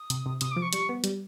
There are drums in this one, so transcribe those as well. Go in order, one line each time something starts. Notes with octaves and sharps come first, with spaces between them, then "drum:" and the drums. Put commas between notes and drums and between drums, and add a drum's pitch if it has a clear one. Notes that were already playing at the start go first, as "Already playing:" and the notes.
Already playing: D#6
C3, drum: hi-hat
C3
C3 D#6, drum: hi-hat
D6
F3
C#6
G3 C#6, drum: hi-hat
B3
G3, drum: hi-hat